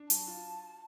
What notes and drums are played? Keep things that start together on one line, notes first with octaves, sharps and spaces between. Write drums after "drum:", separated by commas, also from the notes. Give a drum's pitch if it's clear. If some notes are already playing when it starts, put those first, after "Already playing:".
Already playing: D4
F#3 A5, drum: hi-hat
F4